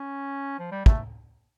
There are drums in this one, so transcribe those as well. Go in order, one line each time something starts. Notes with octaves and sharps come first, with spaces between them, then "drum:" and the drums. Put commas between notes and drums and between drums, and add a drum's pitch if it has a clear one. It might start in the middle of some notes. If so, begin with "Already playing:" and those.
Already playing: C#4
F3
G3
A3, drum: kick